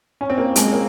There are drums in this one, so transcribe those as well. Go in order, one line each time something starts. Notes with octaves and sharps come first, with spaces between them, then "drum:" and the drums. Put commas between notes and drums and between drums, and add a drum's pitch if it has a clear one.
C#4
C4
A#3
G#3, drum: hi-hat
A#3